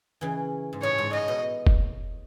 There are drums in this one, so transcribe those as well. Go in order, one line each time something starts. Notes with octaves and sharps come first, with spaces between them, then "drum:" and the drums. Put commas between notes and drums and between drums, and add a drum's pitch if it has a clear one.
C#3 E3
G#2
A2 C#5
G#2
A2 D#5
B2
drum: kick F1